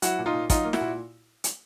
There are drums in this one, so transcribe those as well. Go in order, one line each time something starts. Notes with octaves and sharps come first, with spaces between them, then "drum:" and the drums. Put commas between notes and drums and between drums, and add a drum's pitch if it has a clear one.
F#3 E4 F#4, drum: hi-hat
A#2
D#4 F4
A#2
F#3 D#4 F4, drum: kick, hi-hat
A#3
E4 F#4, drum: snare
A#2
drum: hi-hat